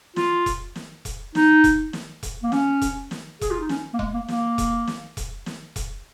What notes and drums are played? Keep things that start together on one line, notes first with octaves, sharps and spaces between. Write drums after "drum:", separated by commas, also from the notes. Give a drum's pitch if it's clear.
F4, drum: snare
drum: kick E1, hi-hat
drum: snare
drum: kick E1, hi-hat
D#4, drum: snare
drum: kick E1, hi-hat
drum: snare
drum: kick E1, hi-hat
A#3
C#4, drum: snare
drum: kick E1, hi-hat
drum: snare
G#4, drum: kick E1, hi-hat
F4
D#4
C#4, drum: snare
A#3
G#3, drum: kick E1
A#3
A#3, drum: snare
drum: kick E1, hi-hat
drum: snare
drum: kick E1, hi-hat
drum: snare
drum: kick E1, hi-hat